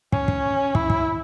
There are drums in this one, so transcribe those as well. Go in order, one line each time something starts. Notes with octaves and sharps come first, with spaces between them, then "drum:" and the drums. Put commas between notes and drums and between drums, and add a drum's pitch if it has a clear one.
C#4, drum: kick
drum: kick
E4, drum: kick
drum: kick